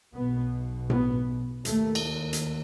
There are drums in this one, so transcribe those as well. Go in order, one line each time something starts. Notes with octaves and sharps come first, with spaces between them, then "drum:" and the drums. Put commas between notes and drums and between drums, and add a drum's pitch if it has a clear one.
B1 B2 B3
B3, drum: tom A2
D#2 A3, drum: hi-hat
drum: cymbal
drum: hi-hat